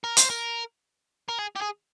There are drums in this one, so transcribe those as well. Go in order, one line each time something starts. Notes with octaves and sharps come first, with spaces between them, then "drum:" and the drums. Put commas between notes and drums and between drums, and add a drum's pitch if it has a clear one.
A#4
C5, drum: hi-hat
A#4
A#4
G#4
G4
G#4